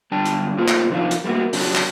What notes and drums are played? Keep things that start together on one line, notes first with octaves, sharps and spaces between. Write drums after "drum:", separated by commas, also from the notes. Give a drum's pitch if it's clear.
F#2 D3 G3 D4 G5 A5
drum: hi-hat
A2 A#3 F4 A4 C5
drum: clap
C3 F3 D4 D#4 F5
drum: hi-hat
G3 A3 A#3 F#4
C#3 F#3 C#4 D4, drum: open hi-hat
drum: clap